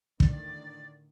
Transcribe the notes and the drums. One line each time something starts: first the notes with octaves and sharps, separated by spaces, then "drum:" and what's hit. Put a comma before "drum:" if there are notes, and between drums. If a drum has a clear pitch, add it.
A2 D3 D#3 D5, drum: kick